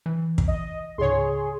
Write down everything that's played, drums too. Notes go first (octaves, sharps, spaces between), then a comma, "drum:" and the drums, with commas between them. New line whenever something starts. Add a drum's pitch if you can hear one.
E3
drum: kick
D#5
C#2 G#2 C#3 G#4 C#5 C6